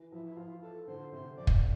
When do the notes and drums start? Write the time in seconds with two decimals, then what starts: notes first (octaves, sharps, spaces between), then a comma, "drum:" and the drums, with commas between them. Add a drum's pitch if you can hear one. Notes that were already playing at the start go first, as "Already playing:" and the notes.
Already playing: E3
0.12 F3 E4
0.25 E4
0.37 F3 F4
0.63 A4
0.88 D3 C5
1.12 C3 C5
1.37 F2 D5
1.47 drum: kick